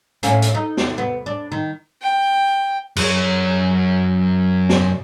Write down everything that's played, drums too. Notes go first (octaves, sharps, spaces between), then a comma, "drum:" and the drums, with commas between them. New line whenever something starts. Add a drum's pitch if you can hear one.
A2 A#3 C#4, drum: hi-hat
drum: hi-hat
D#4
drum: snare
B3
D4
D#3
G5
F#2 C#5, drum: cymbal
drum: snare